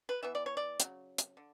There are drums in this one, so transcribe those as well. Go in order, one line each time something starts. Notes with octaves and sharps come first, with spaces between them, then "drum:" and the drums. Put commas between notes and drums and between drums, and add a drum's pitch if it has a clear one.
B4
E3 B3 E5
D5
C#5
D5
C#3 F#3, drum: hi-hat
drum: hi-hat
D3